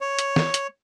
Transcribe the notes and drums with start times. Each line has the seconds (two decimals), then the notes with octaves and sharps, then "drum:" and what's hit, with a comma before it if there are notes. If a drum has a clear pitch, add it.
0.01 C#5
0.19 drum: hi-hat
0.36 drum: snare
0.54 drum: hi-hat